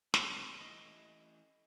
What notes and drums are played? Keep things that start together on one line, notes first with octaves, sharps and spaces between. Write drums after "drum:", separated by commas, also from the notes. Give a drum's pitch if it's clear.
C4, drum: snare
E3 A3 D#5